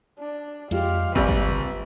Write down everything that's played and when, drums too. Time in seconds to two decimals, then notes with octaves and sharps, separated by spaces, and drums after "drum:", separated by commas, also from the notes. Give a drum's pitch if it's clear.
0.19 D4
0.71 F2 G#3 F4 G4 F5, drum: cymbal
1.15 A#1 G3 C4 B4, drum: kick
1.29 drum: kick
1.46 drum: tom